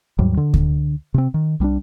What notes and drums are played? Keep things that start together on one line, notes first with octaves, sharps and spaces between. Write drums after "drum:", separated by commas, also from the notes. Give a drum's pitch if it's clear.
D#2 G#2 F#3 G3
D3
drum: kick D2
C3 C4
D#3
C2 G3 C4 D4